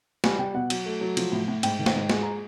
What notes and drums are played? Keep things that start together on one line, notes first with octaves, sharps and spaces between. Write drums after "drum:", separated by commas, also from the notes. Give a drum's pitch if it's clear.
G3 G#5, drum: snare
G3 G5
B2 F#5
F#3, drum: cymbal
A3
F#3
F3, drum: cymbal
A2
A2
G#2 G5, drum: cymbal
D#3
G5, drum: snare
G#2
G#3 G#5, drum: snare
A#5